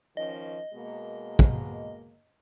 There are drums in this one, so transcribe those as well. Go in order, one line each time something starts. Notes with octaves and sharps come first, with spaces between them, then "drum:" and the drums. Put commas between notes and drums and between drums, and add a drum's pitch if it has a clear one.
D#3 F3 C#4 D#5
B2 G#3 A#3
drum: kick